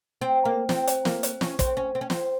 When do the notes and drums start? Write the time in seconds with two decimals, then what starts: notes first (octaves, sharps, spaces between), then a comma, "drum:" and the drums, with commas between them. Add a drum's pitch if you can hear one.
0.21 C4
0.45 A#3
0.69 C4, drum: snare
0.87 drum: hi-hat
1.05 A#3, drum: snare
1.23 drum: hi-hat
1.41 C#4, drum: snare
1.59 C4, drum: kick, hi-hat
1.77 C#4
1.95 C4
2.01 C#4
2.10 C4, drum: snare